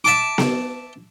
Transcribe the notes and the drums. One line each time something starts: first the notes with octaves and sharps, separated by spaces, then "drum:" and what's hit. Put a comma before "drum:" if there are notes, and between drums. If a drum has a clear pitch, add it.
E5 A5 D6
drum: snare B3